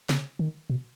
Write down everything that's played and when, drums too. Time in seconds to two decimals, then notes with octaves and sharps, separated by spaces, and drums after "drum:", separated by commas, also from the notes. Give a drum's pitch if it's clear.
0.09 C#3, drum: snare
0.39 D#3
0.70 B2